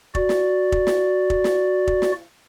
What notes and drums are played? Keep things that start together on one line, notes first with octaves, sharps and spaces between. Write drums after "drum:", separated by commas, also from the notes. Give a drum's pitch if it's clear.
F#4 D5, drum: kick
drum: snare
drum: kick
drum: snare
drum: kick
drum: snare
drum: kick
drum: snare